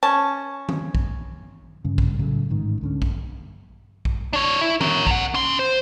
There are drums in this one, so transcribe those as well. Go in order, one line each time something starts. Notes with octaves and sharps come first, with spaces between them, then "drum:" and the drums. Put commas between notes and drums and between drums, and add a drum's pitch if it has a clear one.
C#4 A5
drum: tom D#3
drum: kick A#1
G2 C#3
drum: kick A#1
A2 C#3 F#3 A3
A1 G#2 D#3
C#2 D3 C#4
drum: kick A#1
drum: kick A#1
D4 C#5
E4
A#4 C#5, drum: tom D#3
C3 F#5, drum: kick A#1
C#4 C6
C5